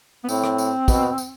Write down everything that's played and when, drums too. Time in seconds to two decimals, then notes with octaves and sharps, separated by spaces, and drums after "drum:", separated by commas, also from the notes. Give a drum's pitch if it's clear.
0.24 B3
0.29 A2 C4, drum: tambourine
0.44 drum: rim click
0.58 drum: tambourine
0.88 B2, drum: kick, tambourine
1.18 drum: tambourine